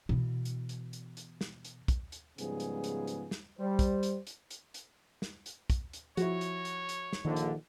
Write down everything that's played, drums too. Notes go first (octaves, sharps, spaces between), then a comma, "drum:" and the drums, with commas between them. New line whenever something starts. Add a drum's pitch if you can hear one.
B2 E3
drum: hi-hat
drum: hi-hat
drum: hi-hat
drum: hi-hat
drum: snare
drum: hi-hat
drum: kick, hi-hat
drum: hi-hat
G#2 C#3 F3 G3 B3 G#4, drum: hi-hat
drum: hi-hat
drum: hi-hat
drum: hi-hat
drum: snare
G3 C5
drum: kick, hi-hat
drum: hi-hat
drum: hi-hat
drum: hi-hat
drum: hi-hat
drum: snare
drum: hi-hat
drum: kick, hi-hat
drum: hi-hat
F3 E4 F#4 C#5, drum: hi-hat
drum: hi-hat
drum: hi-hat
drum: hi-hat
drum: snare
A#1 D3 D#3
drum: hi-hat